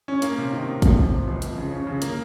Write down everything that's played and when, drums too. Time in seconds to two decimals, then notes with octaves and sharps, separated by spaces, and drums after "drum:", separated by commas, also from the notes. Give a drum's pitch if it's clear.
0.08 C#4
0.22 A#3, drum: hi-hat
0.38 C3
0.52 D#3
0.67 C3
0.82 F3, drum: kick G#1, hi-hat
0.97 C3
1.13 C3
1.27 C#2
1.42 F2, drum: hi-hat
1.58 C#3
1.73 C#4
1.87 C#3
2.02 A#3, drum: hi-hat